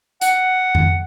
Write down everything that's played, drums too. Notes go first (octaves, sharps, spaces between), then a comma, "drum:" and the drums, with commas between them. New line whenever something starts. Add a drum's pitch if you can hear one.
F#5, drum: hi-hat
drum: tom F2